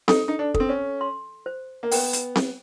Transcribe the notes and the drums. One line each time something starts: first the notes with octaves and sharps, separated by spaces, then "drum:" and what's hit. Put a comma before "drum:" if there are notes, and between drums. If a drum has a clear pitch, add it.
D#4 A4, drum: snare C4
D#4
D4
A4, drum: kick
C4
C#4
C6
C5
A#3
B3 G5, drum: open hi-hat
drum: hi-hat
drum: snare C4